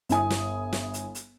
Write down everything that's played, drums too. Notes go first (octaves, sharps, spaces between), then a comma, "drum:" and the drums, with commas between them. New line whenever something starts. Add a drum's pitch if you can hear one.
G1 E4 G#5 D#6, drum: hi-hat
drum: snare
drum: snare
drum: hi-hat
drum: hi-hat